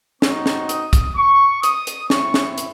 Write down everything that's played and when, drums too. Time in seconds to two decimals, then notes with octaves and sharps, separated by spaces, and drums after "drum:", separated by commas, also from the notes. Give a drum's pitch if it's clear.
0.22 C4 D#4 F#4 C#6, drum: snare
0.46 drum: snare
0.69 D#6, drum: hi-hat
0.93 drum: kick, hi-hat
1.16 C#6
1.63 D#6, drum: hi-hat
1.87 drum: hi-hat
2.10 C4 E4 C#6, drum: snare
2.34 drum: snare
2.58 drum: hi-hat